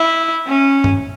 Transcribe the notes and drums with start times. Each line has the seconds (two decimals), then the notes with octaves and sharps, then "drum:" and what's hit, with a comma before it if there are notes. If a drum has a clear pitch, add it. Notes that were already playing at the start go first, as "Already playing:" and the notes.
Already playing: E4
0.47 C#4
0.84 drum: tom G2